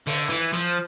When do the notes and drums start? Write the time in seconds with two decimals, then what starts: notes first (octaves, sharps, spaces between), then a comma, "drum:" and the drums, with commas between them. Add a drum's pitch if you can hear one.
0.07 D3, drum: open hi-hat
0.30 E3, drum: hi-hat
0.53 F3, drum: hi-hat